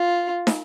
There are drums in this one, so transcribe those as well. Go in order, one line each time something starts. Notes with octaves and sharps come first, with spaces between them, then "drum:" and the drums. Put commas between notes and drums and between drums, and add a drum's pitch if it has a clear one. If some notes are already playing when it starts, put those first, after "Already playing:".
Already playing: F4
drum: snare